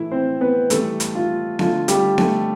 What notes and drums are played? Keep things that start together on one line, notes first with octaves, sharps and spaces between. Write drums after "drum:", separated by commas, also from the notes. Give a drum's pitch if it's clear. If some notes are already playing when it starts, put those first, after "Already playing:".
Already playing: A2 E3 A3 E4 E5
C4 C5
B3 B4
A2 E3 G3 A3 A4, drum: hi-hat
drum: hi-hat
F4
D3 A3 F4, drum: snare B3
G3 G4, drum: hi-hat
A3 A4, drum: snare B3